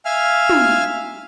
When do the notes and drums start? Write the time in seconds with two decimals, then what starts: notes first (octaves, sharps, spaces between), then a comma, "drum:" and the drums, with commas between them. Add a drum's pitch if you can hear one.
0.05 E5 F5 G#5 F6
0.50 drum: tom